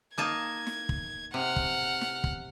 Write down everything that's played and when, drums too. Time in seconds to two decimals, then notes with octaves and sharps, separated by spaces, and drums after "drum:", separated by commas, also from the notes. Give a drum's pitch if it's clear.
0.18 A#3 D#4 A5 G#6
0.67 drum: snare
0.89 drum: kick
1.34 C3 F#5 F6
1.56 drum: kick
2.01 drum: snare
2.24 drum: kick